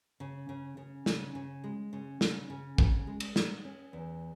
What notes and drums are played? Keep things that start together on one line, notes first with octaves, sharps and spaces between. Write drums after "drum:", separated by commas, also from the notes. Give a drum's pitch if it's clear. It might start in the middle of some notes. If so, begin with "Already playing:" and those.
C#3
C#3
C#3
C#3, drum: snare
C#3
G#3
C#3
C#3, drum: snare
C#3
C#3, drum: kick
G#3
drum: cymbal
G#3, drum: snare
C#4
E2